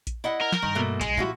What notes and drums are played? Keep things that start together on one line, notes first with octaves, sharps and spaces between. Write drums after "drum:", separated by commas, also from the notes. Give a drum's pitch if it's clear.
drum: kick A#1, hi-hat
E4 D#5 F#5
A#4
drum: snare
G2 D#3
B2 A3 A#3
B1 G#3, drum: kick A#1, hi-hat
A#2 F3 E4 F#4